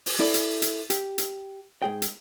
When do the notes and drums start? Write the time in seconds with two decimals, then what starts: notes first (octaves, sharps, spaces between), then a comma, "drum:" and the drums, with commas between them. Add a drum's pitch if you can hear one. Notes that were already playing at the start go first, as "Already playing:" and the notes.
0.06 drum: open hi-hat
0.20 E4 A4 D5
0.34 drum: hi-hat
0.62 drum: hi-hat
0.90 G4, drum: hi-hat
1.18 drum: hi-hat
1.82 G#2 G#4 G5
2.02 drum: hi-hat